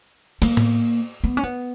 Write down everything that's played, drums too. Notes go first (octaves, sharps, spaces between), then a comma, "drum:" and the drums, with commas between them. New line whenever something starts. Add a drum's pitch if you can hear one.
A#3, drum: cymbal
drum: tom A2
B3
C#4
B3